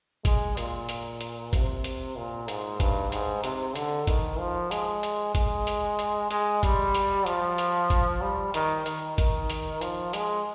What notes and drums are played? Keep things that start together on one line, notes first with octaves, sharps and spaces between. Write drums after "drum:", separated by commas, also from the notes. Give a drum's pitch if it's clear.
G#3, drum: kick G#1, hi-hat
A#2, drum: hi-hat
drum: hi-hat
drum: hi-hat
C3, drum: kick G#1, hi-hat
drum: hi-hat
A#2
G#2, drum: hi-hat
G2, drum: kick G#1, hi-hat
G#2, drum: hi-hat
C3, drum: hi-hat
D3, drum: hi-hat
D#3, drum: kick G#1, hi-hat
F3
G#3, drum: hi-hat
drum: hi-hat
G#3, drum: kick G#1, hi-hat
drum: hi-hat
drum: hi-hat
G#3, drum: hi-hat
G3, drum: kick G#1, hi-hat
drum: hi-hat
F3, drum: hi-hat
drum: hi-hat
drum: kick G#1, hi-hat
G3
D#3, drum: hi-hat
D#3, drum: hi-hat
D#3, drum: kick G#1, hi-hat
drum: hi-hat
F3, drum: hi-hat
G#3, drum: hi-hat